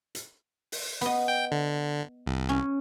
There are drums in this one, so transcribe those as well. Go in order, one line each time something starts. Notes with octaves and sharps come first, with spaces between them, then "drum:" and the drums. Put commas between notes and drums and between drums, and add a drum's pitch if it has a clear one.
drum: hi-hat
drum: open hi-hat
B3 D#5, drum: hi-hat
G5
D3
C2
C#4